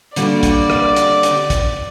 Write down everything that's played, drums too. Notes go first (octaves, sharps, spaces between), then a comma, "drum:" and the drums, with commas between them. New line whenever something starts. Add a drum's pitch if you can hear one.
D3 G3 A#3 F#4 D5, drum: hi-hat
drum: kick, hi-hat
drum: rim click
drum: hi-hat
drum: hi-hat
drum: kick, hi-hat